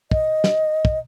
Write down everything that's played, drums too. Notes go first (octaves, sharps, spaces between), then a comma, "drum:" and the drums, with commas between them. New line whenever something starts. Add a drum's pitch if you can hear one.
D#5, drum: kick
drum: snare
drum: kick